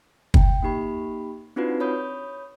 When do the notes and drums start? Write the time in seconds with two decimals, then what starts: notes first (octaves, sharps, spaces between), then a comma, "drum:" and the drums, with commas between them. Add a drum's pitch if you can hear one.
0.34 G5, drum: kick
0.62 A#3 D#4 G4 B5
1.56 C4 D4 D#4 F4 F#4 B4
1.80 C#5 B5 D#6 G6